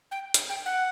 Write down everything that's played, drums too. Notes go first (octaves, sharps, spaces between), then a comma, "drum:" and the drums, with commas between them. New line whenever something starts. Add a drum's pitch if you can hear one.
G5
drum: hi-hat
G5
F#5